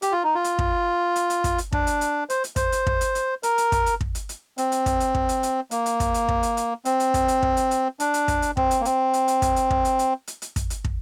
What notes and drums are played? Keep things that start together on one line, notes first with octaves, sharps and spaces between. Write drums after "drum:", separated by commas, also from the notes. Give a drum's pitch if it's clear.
G4, drum: hi-hat
F4
D#4
F4
drum: hi-hat
drum: kick
drum: hi-hat
drum: hi-hat
drum: kick, hi-hat
drum: hi-hat
D4, drum: kick
drum: hi-hat
drum: hi-hat
C5, drum: hi-hat
drum: hi-hat
C5, drum: kick, hi-hat
drum: hi-hat
drum: kick
drum: hi-hat
drum: hi-hat
A#4, drum: hi-hat
drum: hi-hat
drum: kick, hi-hat
drum: hi-hat
drum: kick
drum: hi-hat
drum: hi-hat
C4, drum: hi-hat
drum: hi-hat
drum: kick, hi-hat
drum: hi-hat
drum: kick
drum: hi-hat
drum: hi-hat
A#3, drum: hi-hat
drum: hi-hat
drum: kick, hi-hat
drum: hi-hat
drum: kick
drum: hi-hat
drum: hi-hat
C4, drum: hi-hat
drum: hi-hat
drum: kick, hi-hat
drum: hi-hat
drum: kick
drum: hi-hat
drum: hi-hat
D4, drum: hi-hat
drum: hi-hat
drum: kick, hi-hat
drum: hi-hat
C4, drum: kick
drum: hi-hat
A#3
C4, drum: hi-hat
drum: hi-hat
drum: hi-hat
drum: kick, hi-hat
drum: hi-hat
drum: kick
drum: hi-hat
drum: hi-hat
drum: hi-hat
drum: hi-hat
drum: kick, hi-hat
drum: hi-hat
drum: kick